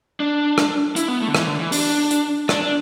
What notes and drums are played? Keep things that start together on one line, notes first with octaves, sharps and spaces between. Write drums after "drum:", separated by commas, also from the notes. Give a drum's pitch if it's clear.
D4
drum: rim click
E4, drum: hi-hat
B3
A3
D3
E3, drum: rim click
D3
E3
D4, drum: open hi-hat
drum: hi-hat
D4, drum: rim click
D4